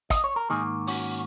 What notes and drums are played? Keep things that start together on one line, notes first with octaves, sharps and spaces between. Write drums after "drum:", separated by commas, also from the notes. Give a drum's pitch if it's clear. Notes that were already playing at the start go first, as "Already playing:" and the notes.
D#5, drum: kick, hi-hat
C#5
A#4
G#2 D#3 A#3 D#4 G#4
C#4 F#4, drum: open hi-hat